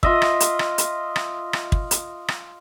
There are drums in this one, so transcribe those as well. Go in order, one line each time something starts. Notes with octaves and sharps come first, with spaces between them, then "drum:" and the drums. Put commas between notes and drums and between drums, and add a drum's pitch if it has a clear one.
F4 D#5 E5, drum: kick
drum: rim click
drum: hi-hat
drum: rim click
drum: hi-hat
drum: rim click
drum: rim click
drum: kick
drum: hi-hat
drum: rim click